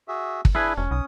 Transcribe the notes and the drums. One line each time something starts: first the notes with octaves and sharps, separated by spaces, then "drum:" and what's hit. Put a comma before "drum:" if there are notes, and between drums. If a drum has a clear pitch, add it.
F#4 G#4 E5
drum: kick
D4 E4 G#4 B4
E1 C#4
B1 D#6